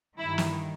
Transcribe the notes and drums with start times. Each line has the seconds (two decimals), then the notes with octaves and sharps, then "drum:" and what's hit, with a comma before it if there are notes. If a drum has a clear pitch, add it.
0.19 G2 D#3 E4
0.38 drum: snare